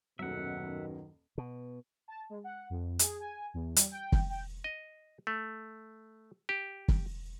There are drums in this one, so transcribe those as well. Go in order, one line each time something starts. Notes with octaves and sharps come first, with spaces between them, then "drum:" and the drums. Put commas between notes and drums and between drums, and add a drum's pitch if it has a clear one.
D#1 F#2 B2 D#3 F#3 E5 F#5
B2
A5
G#3
F#5
F2
G#4, drum: hi-hat
G#5
E2
G3, drum: hi-hat
G5
drum: kick
G5
D#5
A3
G4
drum: kick